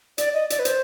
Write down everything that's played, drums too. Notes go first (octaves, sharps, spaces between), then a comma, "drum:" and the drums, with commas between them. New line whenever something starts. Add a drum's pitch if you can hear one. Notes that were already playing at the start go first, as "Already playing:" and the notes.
D5, drum: hi-hat
D#5
D5, drum: hi-hat
B4
C5, drum: hi-hat